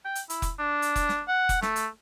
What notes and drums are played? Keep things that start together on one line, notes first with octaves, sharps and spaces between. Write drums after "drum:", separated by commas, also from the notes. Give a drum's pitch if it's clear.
G5
drum: hi-hat
E4, drum: hi-hat
drum: kick F1, hi-hat
D4
drum: hi-hat
drum: kick F1, hi-hat
drum: snare
F#5
drum: kick F1, hi-hat
A3, drum: snare
drum: hi-hat